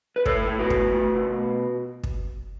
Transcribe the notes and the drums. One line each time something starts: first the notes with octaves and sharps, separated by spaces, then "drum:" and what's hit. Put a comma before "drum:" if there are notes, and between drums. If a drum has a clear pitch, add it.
B4
A2 A4 C#5, drum: kick
A2
F#4 B4
A2, drum: kick
A3
B2
drum: kick